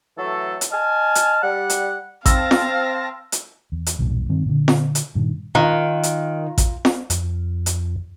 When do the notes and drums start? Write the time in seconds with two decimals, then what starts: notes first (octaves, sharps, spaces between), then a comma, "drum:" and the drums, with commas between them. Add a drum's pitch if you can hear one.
0.18 E3 F#3 A3 A4
0.61 drum: hi-hat
0.72 D#5 G#5 A5 F6
1.15 drum: hi-hat
1.42 G3 F#5
1.70 drum: hi-hat
2.26 C4 F5 A5 E6 A#6, drum: kick A1, hi-hat
2.51 drum: snare
3.32 drum: hi-hat
3.72 E2
3.86 drum: hi-hat
3.99 B1 E2 G2 A#2
4.29 G2 D#3 C4
4.46 A#2 D3
4.68 drum: snare
4.95 drum: hi-hat
5.15 G2 A#2 D#3
5.55 D#3 F4 A#5 F#6
6.03 drum: hi-hat
6.58 drum: kick A1, hi-hat
6.85 drum: snare
7.10 F2, drum: hi-hat
7.66 drum: hi-hat